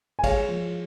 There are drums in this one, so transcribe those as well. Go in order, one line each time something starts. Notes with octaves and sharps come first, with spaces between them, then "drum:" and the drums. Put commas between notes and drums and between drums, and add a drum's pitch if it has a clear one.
G#5
G#3 C#5 F5, drum: kick, cymbal
F3